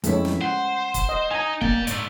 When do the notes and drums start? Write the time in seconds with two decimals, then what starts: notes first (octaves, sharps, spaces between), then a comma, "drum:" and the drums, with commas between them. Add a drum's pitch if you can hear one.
0.04 F2 G#3 A3 C#4 E4, drum: hi-hat
0.25 drum: snare
0.41 C5 F#5
0.94 drum: kick, hi-hat
1.09 D#5
1.31 D#4 G#5 A#5
1.61 A#3 D5 G5, drum: kick
1.87 G#2 A3 D5, drum: hi-hat